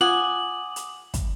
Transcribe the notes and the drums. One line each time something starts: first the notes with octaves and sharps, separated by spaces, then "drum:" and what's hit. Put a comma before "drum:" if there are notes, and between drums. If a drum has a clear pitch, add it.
F4 F#5 G#5 D6 D#6 F#7
drum: hi-hat
drum: kick, hi-hat